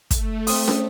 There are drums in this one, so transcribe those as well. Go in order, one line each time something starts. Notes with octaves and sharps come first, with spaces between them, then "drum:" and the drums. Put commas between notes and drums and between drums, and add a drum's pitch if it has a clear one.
A3, drum: kick, hi-hat
C4 D#6, drum: open hi-hat
drum: snare